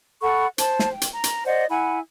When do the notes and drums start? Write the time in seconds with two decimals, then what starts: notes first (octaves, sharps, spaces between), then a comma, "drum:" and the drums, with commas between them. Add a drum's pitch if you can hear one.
0.21 A4 F#5 B5 C#6
0.58 C5 A5, drum: hi-hat
0.79 drum: snare
0.91 G5
1.01 drum: hi-hat
1.14 A#5
1.24 drum: hi-hat
1.46 C5 D5 D#5 F#5
1.69 E4 F#5 G#5 B5